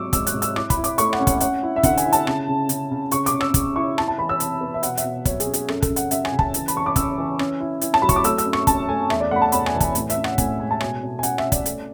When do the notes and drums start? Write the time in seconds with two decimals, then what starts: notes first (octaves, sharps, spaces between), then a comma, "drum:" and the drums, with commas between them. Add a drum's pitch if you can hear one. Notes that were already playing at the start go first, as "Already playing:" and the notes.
Already playing: G#2 F#3 C#6 D6 E6
0.13 G#2 E6, drum: kick, hi-hat
0.27 F#6, drum: hi-hat
0.34 G#2
0.42 E6, drum: hi-hat
0.56 E4 D6, drum: rim click
0.70 B5, drum: kick, hi-hat
0.77 E4
0.84 D6, drum: hi-hat
0.98 A3 C#6, drum: hi-hat
1.13 F#5, drum: rim click
1.20 C#4
1.27 F#5, drum: kick, hi-hat
1.40 C#4 F#5, drum: hi-hat
1.63 E4
1.76 E5
1.83 D3 F#5, drum: kick, hi-hat
1.97 G#5, drum: hi-hat
2.05 E4
2.12 A5, drum: hi-hat
2.27 C#3, drum: rim click
2.48 C#3
2.69 C#3, drum: hi-hat
2.91 C#3
3.11 C#3 C#6, drum: hi-hat
3.26 D6, drum: hi-hat
3.33 C#3
3.41 E6, drum: rim click
3.54 C#3, drum: kick, hi-hat
3.76 E4 C#6
3.98 E4 A5, drum: rim click
4.08 A5
4.18 E3 B5
4.29 E6
4.40 E3, drum: hi-hat
4.61 B3
4.74 E5
4.83 B2 F#5, drum: hi-hat
4.97 E5, drum: hi-hat
5.04 B2
5.25 F#3 C#5, drum: kick, hi-hat
5.40 G#4, drum: hi-hat
5.47 C#4
5.54 G#4, drum: hi-hat
5.68 F#2 A4, drum: rim click
5.82 A4, drum: kick, hi-hat
5.89 C#3
5.96 F#5, drum: hi-hat
6.11 F#2 E5, drum: hi-hat
6.25 G#5, drum: rim click
6.33 C#3
6.39 A5, drum: kick
6.54 E3, drum: hi-hat
6.68 B5, drum: hi-hat
6.75 E3 C#6
6.86 D6
6.96 C#3 E6, drum: kick, hi-hat
7.18 E3
7.39 C#4, drum: rim click
7.60 E4
7.81 E4, drum: hi-hat
7.94 A5, drum: rim click
8.02 F#3 B5
8.09 C#6, drum: kick, hi-hat
8.16 D6
8.24 A3 E6, drum: hi-hat
8.38 E6, drum: hi-hat
8.46 F#2
8.53 C#6, drum: rim click
8.67 F#2 A5, drum: kick, hi-hat
8.89 A3 G#5
9.10 E2 E5, drum: rim click
9.20 D5
9.31 A3 F#5 B5
9.42 A5
9.52 E2 B5, drum: hi-hat
9.66 G#5, drum: rim click
9.74 E3
9.80 A5, drum: kick, hi-hat
9.95 A2, drum: hi-hat
10.10 E5, drum: hi-hat
10.16 C#4
10.24 F#5, drum: rim click
10.38 A2 G#5, drum: kick, hi-hat
10.59 G#3 G#5
10.71 A5
10.81 B2 G#5, drum: rim click
11.03 B2
11.19 G#5
11.23 C#4 F#5, drum: hi-hat
11.38 E5, drum: rim click
11.44 C#4
11.52 D5, drum: kick, hi-hat
11.66 A3, drum: hi-hat